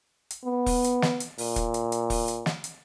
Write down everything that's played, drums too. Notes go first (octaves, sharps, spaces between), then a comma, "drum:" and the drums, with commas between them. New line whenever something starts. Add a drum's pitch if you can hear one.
drum: hi-hat
B3
drum: kick E1, open hi-hat
drum: hi-hat
drum: snare
drum: hi-hat
A#2, drum: open hi-hat
drum: kick E1, hi-hat
drum: hi-hat
drum: hi-hat
drum: kick E1, open hi-hat
drum: hi-hat
drum: snare
drum: hi-hat